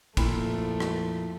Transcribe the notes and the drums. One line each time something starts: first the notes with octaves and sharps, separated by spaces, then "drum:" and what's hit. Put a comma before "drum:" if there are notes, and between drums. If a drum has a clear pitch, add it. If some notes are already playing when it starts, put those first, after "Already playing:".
F2 A#2 A3 E4, drum: kick, cymbal
drum: rim click